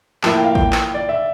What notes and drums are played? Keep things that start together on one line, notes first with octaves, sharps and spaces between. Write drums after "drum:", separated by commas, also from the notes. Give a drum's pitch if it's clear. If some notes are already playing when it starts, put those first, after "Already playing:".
A2 F3 A#3 E4 A5, drum: clap
G5
F5
G5, drum: kick A1
drum: clap
D5
E5